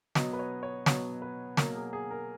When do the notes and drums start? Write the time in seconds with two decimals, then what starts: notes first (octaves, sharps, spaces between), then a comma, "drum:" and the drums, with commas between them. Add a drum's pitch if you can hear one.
0.15 B2 F#3 B3 D#5, drum: snare
0.33 B4
0.39 C#5
0.63 C#5
0.86 B2 F#3 B3 C#5, drum: snare
1.22 B4
1.57 B2 F#3 A#3 A#4, drum: snare
1.75 G#4
1.93 G#4
2.11 A#4